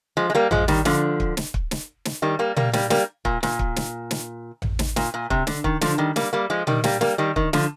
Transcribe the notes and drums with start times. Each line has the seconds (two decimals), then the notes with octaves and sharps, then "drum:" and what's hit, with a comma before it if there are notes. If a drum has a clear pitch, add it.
0.17 F3 G#3
0.30 G#3
0.35 G3 A#3
0.51 F3 G#3, drum: tom A1
0.68 D#3 G3, drum: snare
0.85 D3 F3, drum: snare
1.20 drum: kick
1.37 drum: snare
1.54 drum: kick
1.71 drum: snare
2.05 drum: snare
2.22 D#3 G3
2.39 G3 A#3
2.56 G3 A#3, drum: tom A#2
2.73 G3 A#3, drum: snare
2.90 G3 A#3, drum: snare
3.25 A#2, drum: kick
3.43 A#2, drum: snare
3.59 drum: kick
3.76 drum: snare
4.11 drum: snare
4.62 drum: tom A1
4.79 drum: snare
4.96 A#2, drum: snare
5.14 A#2
5.30 C3, drum: kick
5.47 D3, drum: snare
5.64 D#3, drum: kick
5.81 D3 F3, drum: snare
5.98 D#3 G3
6.16 G3 A#3, drum: snare
6.33 G3 A#3
6.50 F3 G#3
6.67 D#3 G3, drum: tom A#2
6.84 G3 A#3, drum: snare
7.01 G3 A#3, drum: snare
7.18 D#3 G3
7.36 D#3, drum: kick
7.53 D3 F3, drum: snare